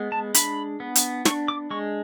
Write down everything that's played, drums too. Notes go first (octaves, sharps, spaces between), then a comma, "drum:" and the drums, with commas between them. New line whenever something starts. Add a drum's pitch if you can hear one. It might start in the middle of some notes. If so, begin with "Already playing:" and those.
Already playing: G#3 B3
A5
D4 B5, drum: hi-hat
B3
drum: hi-hat
D4 C#6, drum: snare
D6
G#3 C#6